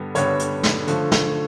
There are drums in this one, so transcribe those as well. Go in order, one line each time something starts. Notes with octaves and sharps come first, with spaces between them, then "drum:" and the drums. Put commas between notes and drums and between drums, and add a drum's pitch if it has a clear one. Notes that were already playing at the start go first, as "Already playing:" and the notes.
Already playing: G2 D3 G3 B3
G2 D3 G3 B3 C#5, drum: hi-hat
drum: hi-hat
drum: snare
D3 F3 A3, drum: hi-hat
drum: snare